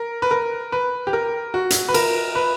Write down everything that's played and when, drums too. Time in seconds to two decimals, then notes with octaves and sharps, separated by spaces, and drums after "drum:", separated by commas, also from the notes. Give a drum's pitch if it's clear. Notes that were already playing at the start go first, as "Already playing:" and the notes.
Already playing: A#4
0.22 B4
0.31 A#4
0.72 B4
1.07 G4
1.13 A#4
1.54 F#4
1.70 drum: hi-hat
1.88 B4
1.94 A#4, drum: cymbal
2.35 B4